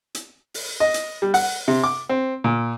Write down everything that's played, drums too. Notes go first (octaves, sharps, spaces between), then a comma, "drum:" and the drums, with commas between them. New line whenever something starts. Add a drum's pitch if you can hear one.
drum: hi-hat
drum: open hi-hat
D#5
drum: hi-hat
G3
F#5, drum: open hi-hat
C3
D6
C4
A#2